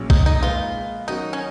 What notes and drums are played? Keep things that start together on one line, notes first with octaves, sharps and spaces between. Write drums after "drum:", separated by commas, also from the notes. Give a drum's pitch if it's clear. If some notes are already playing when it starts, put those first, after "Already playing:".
Already playing: A#1 A#2 F#3 C#4 G#4
D#4, drum: kick B1
D#4
A#2 G#3 D#4 F4 G#4 B4
D#3 F#3 C#4 D#4 F#4 C#5
C#4